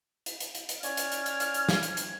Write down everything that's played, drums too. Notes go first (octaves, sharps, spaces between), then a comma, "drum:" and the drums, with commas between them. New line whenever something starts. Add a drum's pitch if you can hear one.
drum: hi-hat
drum: hi-hat
drum: hi-hat
drum: hi-hat
C#4 D5 F6 G#6, drum: hi-hat
drum: hi-hat
drum: hi-hat
drum: hi-hat
drum: hi-hat
drum: hi-hat
drum: snare
drum: hi-hat
drum: hi-hat